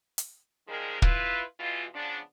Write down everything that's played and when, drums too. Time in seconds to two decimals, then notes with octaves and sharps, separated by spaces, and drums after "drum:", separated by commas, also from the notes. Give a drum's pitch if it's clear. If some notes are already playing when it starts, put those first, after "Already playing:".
0.18 drum: hi-hat
0.68 D#3 F3 G3 G#3 G#4 A#4
1.02 E4 F4 B4, drum: kick
1.59 B2 E3 G#3 F4
1.94 C#3 F3 B3 D4